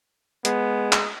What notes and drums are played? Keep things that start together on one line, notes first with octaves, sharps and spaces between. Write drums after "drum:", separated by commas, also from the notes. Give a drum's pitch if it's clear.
G#3 B3, drum: hi-hat
drum: clap